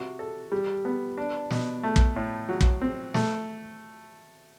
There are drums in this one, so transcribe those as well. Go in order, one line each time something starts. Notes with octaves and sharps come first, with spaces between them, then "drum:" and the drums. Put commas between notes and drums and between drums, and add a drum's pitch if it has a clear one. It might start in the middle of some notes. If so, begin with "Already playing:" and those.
Already playing: C3 F#4
A4
G3
B3
D4
B2, drum: snare
A3
drum: kick
A2
F#3
drum: kick
C4
A3, drum: snare